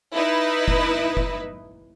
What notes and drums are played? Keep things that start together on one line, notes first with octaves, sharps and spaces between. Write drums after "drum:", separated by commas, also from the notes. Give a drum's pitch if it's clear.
D#4 E4 B4
drum: kick F1
drum: kick F1